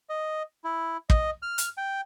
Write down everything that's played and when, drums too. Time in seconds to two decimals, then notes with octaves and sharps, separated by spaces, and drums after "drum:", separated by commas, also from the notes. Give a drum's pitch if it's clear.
0.09 D#5
0.64 E4
1.10 D#5, drum: kick
1.42 F6
1.58 drum: hi-hat
1.77 G5